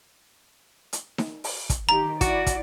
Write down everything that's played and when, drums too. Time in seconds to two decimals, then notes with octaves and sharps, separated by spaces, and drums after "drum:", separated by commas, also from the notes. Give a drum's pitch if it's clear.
0.93 drum: hi-hat
1.18 drum: snare D#4
1.44 drum: open hi-hat
1.70 drum: kick, hi-hat
1.89 D#3 G4 A#5
2.21 E4 F#4 D5, drum: kick, hi-hat
2.47 drum: kick, hi-hat